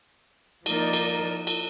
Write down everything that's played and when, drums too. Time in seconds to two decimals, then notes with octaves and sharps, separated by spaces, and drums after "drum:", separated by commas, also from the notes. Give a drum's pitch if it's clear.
0.66 F3 A#3 D#4 A#4 D5, drum: cymbal
0.93 drum: cymbal
1.47 drum: cymbal